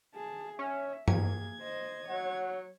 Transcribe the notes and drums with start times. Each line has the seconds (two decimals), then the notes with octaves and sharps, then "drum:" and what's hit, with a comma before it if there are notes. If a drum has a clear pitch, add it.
0.15 G#4 A5
0.59 C#4 E5
1.08 A#3 G#4 G#6, drum: tom G2
1.61 C5 D#5
2.09 F#3 C#5 F#5